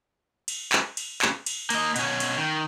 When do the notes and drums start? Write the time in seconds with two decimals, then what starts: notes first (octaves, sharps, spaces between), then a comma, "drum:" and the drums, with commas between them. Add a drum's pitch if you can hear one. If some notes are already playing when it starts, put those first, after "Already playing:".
0.48 drum: cymbal
0.73 drum: clap
0.97 drum: cymbal
1.22 drum: clap
1.46 drum: cymbal
1.70 A#3 D#5, drum: cymbal
1.96 B2 C#4, drum: cymbal
2.20 drum: cymbal
2.37 D#3